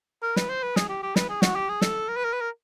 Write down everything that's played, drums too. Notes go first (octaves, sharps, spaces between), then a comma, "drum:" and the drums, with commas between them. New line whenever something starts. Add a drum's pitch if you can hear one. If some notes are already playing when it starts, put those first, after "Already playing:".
A#4
B4, drum: snare
C5
B4
G#4, drum: snare
G4
G4
B4, drum: snare
G#4
F#4, drum: snare
G4
G#4
A4, drum: snare
A#4
B4
A#4
B4
A#4